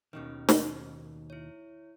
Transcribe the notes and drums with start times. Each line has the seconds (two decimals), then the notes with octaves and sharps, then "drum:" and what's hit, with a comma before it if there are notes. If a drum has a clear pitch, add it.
0.13 D#2 B2 D#3 C#4 F6
0.49 drum: snare
1.30 E4 C#5